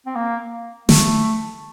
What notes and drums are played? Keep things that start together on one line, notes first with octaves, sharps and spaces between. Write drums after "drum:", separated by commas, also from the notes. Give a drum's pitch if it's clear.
C4
A#3
A3, drum: snare